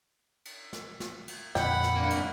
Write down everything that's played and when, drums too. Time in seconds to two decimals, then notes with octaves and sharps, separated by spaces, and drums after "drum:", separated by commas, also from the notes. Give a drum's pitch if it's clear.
0.45 drum: cymbal
0.73 drum: snare
1.00 drum: snare
1.28 drum: cymbal
1.55 F2 A#2 D3 F#5 G5 B5, drum: snare
1.83 drum: snare
1.96 G2 A#3
2.10 drum: cymbal